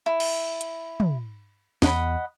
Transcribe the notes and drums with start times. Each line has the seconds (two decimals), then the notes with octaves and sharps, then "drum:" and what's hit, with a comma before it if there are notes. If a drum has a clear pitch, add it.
0.06 E4
0.20 drum: cymbal
0.61 drum: hi-hat
1.00 drum: tom
1.82 E2 B3 D#5 F#5 B5, drum: snare